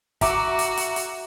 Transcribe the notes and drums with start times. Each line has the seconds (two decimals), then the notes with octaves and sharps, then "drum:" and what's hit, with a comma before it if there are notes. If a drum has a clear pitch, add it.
0.21 F#4 E5 A#5 D6, drum: kick, hi-hat
0.59 drum: hi-hat
0.77 drum: hi-hat
0.96 drum: hi-hat